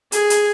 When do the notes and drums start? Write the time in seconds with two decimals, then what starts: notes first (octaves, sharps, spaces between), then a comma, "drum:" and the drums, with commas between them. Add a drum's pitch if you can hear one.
0.12 G#4, drum: hi-hat
0.30 drum: hi-hat